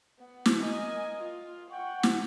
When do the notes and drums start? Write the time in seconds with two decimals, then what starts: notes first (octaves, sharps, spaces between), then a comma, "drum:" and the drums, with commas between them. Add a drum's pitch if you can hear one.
0.19 B3
0.46 drum: snare
0.59 A#4 D#5 G#5
1.18 F4
1.71 F#5 G5 C#6
2.03 drum: snare